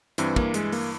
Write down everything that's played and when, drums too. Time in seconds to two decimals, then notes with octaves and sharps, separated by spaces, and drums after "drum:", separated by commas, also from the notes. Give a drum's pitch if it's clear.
0.18 G2 E3 C4, drum: hi-hat
0.36 A#3, drum: kick
0.54 G#3, drum: hi-hat
0.72 A#3, drum: open hi-hat